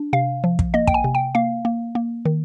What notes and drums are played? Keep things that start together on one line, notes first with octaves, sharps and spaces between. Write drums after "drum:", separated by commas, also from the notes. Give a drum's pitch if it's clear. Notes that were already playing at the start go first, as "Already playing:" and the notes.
Already playing: D4
C3 F5
F3
drum: kick
A#3 D#5
G5, drum: kick
G#5
C3
G5
A#3 F5
A#3
A#3
D#3